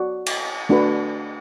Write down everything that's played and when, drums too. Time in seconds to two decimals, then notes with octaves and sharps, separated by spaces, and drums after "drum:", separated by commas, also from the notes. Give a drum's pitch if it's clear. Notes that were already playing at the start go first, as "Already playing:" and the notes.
Already playing: F#4 D5
0.26 drum: cymbal
0.69 A3 D4 F#4 B4